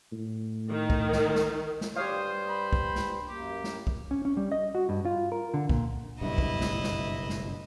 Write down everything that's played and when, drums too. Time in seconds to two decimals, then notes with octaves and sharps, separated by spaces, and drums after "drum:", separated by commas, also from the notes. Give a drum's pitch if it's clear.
0.13 A2
0.71 D#3
0.90 drum: kick B1
1.13 drum: snare
1.35 drum: snare
1.81 drum: snare
1.96 G2 G3 G4 C5 C#5 F5 D#6
2.49 B5
2.73 drum: kick B1
2.95 drum: snare
3.27 F#2 A#3 G4
3.64 drum: snare
3.87 drum: kick B1
4.11 C#4
4.25 C#4
4.37 G3
4.52 D#5
4.75 F#4
4.89 G2
5.05 F4
5.32 A#4
5.54 D3
5.69 A#2, drum: kick B1
6.21 F#1 B1 G2 E4 D#5
6.38 drum: kick B1
6.61 drum: snare
6.84 drum: snare
7.29 drum: snare